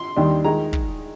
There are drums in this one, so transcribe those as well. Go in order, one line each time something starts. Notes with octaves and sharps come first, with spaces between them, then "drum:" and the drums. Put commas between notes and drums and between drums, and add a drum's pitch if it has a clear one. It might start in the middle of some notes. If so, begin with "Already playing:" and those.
Already playing: C6
D#2 D#3 G3 D4
D#3 G#3 A#5
drum: kick